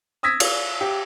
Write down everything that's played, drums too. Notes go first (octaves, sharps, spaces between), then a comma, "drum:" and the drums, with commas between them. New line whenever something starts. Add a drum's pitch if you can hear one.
D#6 E6 G#6 A#6 B6
drum: cymbal
G4